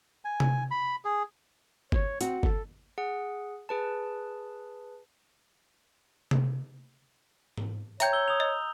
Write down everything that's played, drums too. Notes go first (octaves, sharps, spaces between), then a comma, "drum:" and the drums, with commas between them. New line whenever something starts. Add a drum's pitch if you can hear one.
G#5
drum: tom C3
B5
G#4
C#5, drum: kick G1
C4 F#4, drum: hi-hat
A4, drum: kick G1
G#4 F#5
G#4 B4 A5
drum: tom C3
drum: tom G#2
C#5 E5 G5 A#5 G6, drum: hi-hat
E6 G7
D#6 F7
D#5